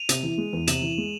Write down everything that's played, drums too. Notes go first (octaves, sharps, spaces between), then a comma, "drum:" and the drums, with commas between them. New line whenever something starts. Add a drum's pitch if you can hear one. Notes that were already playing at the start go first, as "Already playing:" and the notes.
Already playing: D#7 F7
C3, drum: hi-hat
E3
G#3
E2
C3 E7 F#7, drum: hi-hat
E3
G#3